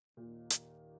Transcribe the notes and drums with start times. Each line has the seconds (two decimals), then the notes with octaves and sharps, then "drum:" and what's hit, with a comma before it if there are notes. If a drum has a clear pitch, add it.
0.17 D#2 A#2 D#3 A#3
0.50 drum: hi-hat